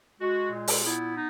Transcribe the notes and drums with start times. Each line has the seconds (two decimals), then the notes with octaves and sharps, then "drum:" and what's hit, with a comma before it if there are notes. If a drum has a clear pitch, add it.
0.20 G#3 F#4
0.51 A#2
0.68 drum: open hi-hat
0.83 B3 E4
1.15 D#4